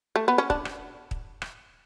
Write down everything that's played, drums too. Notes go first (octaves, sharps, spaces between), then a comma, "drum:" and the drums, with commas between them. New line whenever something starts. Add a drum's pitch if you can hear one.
A3
B3
C#4
D4, drum: kick
drum: rim click
drum: kick
drum: rim click